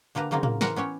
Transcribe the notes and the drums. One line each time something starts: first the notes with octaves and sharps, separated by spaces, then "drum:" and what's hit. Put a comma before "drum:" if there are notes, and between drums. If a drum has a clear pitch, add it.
D3 A#3 G4 B4 A#5
C#3 F#3 A#3 C4 D#4
A#3, drum: tom A2
E3 A#4 C5 F#5, drum: snare
B3 C#4 G4 C#5